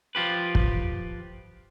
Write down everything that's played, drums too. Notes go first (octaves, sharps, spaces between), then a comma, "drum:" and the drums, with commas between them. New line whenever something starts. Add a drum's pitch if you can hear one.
F3 F4 G4 B4
drum: kick